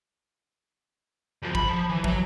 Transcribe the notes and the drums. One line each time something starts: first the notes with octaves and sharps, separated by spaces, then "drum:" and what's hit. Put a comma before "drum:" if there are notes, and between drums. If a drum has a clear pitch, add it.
E2 F3
E2 B5, drum: kick
F3
E3
F#3 C#5, drum: kick